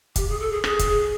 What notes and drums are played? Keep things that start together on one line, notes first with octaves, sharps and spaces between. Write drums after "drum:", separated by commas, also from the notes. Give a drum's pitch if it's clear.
G4, drum: kick, hi-hat
G#4
A4
G#4
G#4, drum: rim click
drum: kick, hi-hat